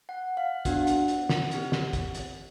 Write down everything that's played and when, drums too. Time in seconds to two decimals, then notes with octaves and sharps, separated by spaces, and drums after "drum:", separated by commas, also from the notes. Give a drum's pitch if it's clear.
0.09 F#5
0.37 F5
0.65 B3 D4 F#4 F#5, drum: kick, hi-hat
0.87 drum: hi-hat
1.08 drum: hi-hat
1.29 drum: snare
1.51 C4 D#4 G4, drum: hi-hat
1.72 drum: snare
1.93 drum: kick, hi-hat
2.15 drum: hi-hat